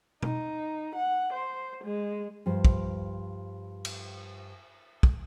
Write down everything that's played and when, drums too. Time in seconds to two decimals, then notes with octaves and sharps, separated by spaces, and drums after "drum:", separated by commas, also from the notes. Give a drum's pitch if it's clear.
0.22 D#4, drum: tom B2
0.95 F#5
1.33 C5
1.84 G#3
2.46 G2 F3 C5
2.65 drum: kick
3.85 drum: cymbal
5.03 drum: kick